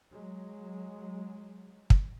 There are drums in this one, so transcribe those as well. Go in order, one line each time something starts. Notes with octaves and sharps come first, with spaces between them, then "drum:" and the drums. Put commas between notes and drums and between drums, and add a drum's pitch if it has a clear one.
F#3 G#3
drum: kick